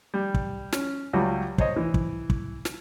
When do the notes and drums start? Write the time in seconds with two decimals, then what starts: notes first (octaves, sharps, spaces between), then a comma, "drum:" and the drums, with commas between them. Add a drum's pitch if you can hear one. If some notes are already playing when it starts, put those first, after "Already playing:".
0.14 G3
0.34 drum: kick
0.72 C#4, drum: snare
1.13 C#2 F#3 G3
1.58 C5 C#5 D#5, drum: kick
1.76 E3
1.94 drum: kick
2.30 drum: kick
2.65 drum: snare